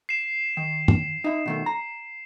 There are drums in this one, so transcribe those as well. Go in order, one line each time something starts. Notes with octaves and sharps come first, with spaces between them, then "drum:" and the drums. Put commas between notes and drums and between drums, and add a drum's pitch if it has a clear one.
C7 E7
D#3
drum: tom G2
D#4 E5
B2 D#3 A3
A#5